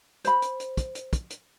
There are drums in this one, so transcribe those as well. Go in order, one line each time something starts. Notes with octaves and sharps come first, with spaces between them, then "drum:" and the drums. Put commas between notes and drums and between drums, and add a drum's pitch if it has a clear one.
C5 B5, drum: hi-hat
drum: hi-hat
drum: hi-hat
drum: kick, hi-hat
drum: hi-hat
drum: kick, hi-hat
drum: hi-hat